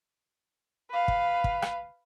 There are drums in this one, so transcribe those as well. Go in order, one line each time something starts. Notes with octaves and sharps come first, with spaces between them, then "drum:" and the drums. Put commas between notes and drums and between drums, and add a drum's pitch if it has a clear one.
B4 F5
drum: kick
drum: kick
drum: rim click